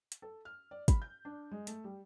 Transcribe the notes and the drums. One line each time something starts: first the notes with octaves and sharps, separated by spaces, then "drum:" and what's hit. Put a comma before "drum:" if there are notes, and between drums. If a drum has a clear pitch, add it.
drum: hi-hat
A4
F6
D5
B5, drum: kick, hi-hat
G6
D4
G#3
A3, drum: hi-hat
G3